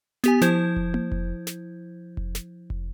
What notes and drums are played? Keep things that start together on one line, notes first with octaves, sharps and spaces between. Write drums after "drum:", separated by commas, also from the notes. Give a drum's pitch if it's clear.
B3 G4 G#5, drum: snare
F3 E4 C5 G6 G#6, drum: snare
drum: kick F1
drum: tom A#3
drum: kick F1
drum: snare
drum: kick F1
drum: snare
drum: kick F1